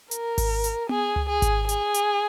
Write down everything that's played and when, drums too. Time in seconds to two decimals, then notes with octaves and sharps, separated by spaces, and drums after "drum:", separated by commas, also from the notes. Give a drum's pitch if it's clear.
0.11 A#4, drum: hi-hat
0.38 drum: kick G#1, open hi-hat
0.64 drum: hi-hat
0.89 G#4, drum: tom B3
1.16 drum: tom C#2
1.29 G#4
1.42 drum: kick G#1, hi-hat
1.69 G#4, drum: hi-hat
1.94 drum: hi-hat